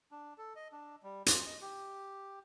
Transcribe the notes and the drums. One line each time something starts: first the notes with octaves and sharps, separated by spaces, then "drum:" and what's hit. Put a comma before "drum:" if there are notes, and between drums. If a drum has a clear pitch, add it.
D4
A4
D#5
D4
G3
F4, drum: hi-hat
D#5
G4